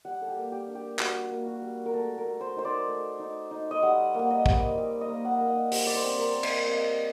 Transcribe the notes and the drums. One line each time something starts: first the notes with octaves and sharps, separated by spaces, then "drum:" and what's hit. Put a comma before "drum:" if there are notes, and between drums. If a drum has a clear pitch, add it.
G3 F#5
A4
G4
A#3
G4
D4
G4
G3 F#4, drum: clap
A#3
F#4
G3
A#4
A3 A4
A#4
A3
C5
D#4 C5
D5
A3
D#4
D#4
D#5
G3 F#5
A#3 F#5
D#5
G3, drum: kick
G3
D#5
A#3
F#5
A#3
D#5
G3 C5, drum: open hi-hat
D5
C5
C4
A#4
C4
D#5, drum: cymbal
C4 D#5